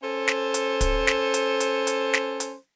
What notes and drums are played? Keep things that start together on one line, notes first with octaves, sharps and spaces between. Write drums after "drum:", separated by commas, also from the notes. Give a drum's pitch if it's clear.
C#4 A4 C5
drum: snare
drum: hi-hat
drum: kick, hi-hat
drum: snare
drum: hi-hat
drum: hi-hat
drum: hi-hat
drum: snare
drum: hi-hat